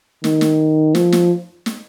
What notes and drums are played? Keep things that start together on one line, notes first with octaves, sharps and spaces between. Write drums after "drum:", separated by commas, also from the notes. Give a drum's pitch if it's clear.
D#3, drum: snare
drum: snare
F3, drum: snare
drum: snare
drum: snare